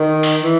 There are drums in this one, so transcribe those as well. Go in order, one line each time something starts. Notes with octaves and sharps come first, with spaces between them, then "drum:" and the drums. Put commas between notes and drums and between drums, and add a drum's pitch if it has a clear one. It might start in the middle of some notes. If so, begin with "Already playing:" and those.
Already playing: D#3
drum: open hi-hat
E3